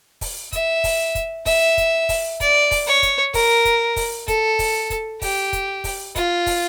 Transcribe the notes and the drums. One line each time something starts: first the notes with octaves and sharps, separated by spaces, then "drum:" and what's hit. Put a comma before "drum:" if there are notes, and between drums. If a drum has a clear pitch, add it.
drum: kick, open hi-hat
E5, drum: kick, hi-hat
drum: kick, open hi-hat
drum: kick, hi-hat
E5, drum: kick, open hi-hat
drum: kick, hi-hat
drum: kick, open hi-hat
D5, drum: kick, hi-hat
drum: kick, open hi-hat
C#5
drum: kick, hi-hat
A#4, drum: kick, open hi-hat
drum: kick, hi-hat
drum: kick, open hi-hat
A4, drum: kick, hi-hat
drum: kick, open hi-hat
drum: kick, hi-hat
G4, drum: kick, open hi-hat
drum: kick, hi-hat
drum: kick, open hi-hat
F4, drum: kick, hi-hat
drum: kick, open hi-hat